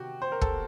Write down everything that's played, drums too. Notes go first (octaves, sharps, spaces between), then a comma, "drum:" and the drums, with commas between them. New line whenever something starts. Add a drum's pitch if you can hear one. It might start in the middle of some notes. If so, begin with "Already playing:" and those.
Already playing: C3 D#3 F#4 G4
C5
A#4
A4, drum: kick